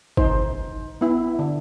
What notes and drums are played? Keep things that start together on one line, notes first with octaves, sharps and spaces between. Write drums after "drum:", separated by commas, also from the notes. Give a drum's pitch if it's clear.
D#4 C5, drum: kick
B3 E4
D3